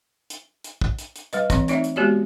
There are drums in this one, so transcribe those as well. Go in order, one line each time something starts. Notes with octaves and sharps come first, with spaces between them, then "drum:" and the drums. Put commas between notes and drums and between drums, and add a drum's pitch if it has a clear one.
drum: hi-hat
drum: hi-hat
drum: kick
drum: hi-hat
drum: hi-hat
G3 B4 D#5, drum: hi-hat
E3 C4, drum: kick, hi-hat
A3 C4 D#4 C#5 D5 E5, drum: hi-hat
drum: hi-hat
G#3 B3 F#4 G4 C#5 D5